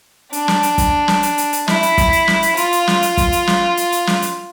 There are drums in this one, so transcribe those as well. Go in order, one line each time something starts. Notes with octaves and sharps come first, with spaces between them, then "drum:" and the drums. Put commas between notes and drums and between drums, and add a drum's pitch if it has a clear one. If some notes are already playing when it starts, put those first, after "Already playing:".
D4, drum: hi-hat
drum: snare
drum: hi-hat
drum: kick, hi-hat
drum: snare
drum: hi-hat
drum: hi-hat
drum: hi-hat
E4, drum: snare
drum: hi-hat
drum: kick, hi-hat
drum: hi-hat
drum: snare
drum: hi-hat
F4, drum: hi-hat
drum: hi-hat
drum: snare
drum: hi-hat
drum: kick, hi-hat
drum: hi-hat
drum: snare
drum: hi-hat
drum: hi-hat
drum: snare
drum: hi-hat